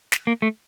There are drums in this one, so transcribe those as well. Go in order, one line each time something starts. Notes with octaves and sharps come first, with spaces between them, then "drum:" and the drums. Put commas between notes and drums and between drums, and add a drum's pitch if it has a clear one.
drum: snare
A#3
A3